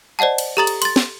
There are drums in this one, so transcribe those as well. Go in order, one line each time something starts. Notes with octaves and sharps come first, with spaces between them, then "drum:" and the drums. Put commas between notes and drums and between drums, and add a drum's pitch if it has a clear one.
C5 D5 D#5 F#5 A5
drum: cymbal
G4 A4 A#5 D#6 A6 F#7
drum: cymbal
C6 A6, drum: cymbal
drum: snare